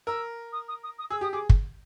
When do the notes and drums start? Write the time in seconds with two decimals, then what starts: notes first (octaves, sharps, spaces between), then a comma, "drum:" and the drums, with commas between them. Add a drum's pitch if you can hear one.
0.07 A#4 E6
0.52 D#6
0.68 D#6
0.83 D#6
0.98 D#6
1.10 G#4 E6
1.21 G4 D#6
1.33 G#4 D6
1.50 drum: kick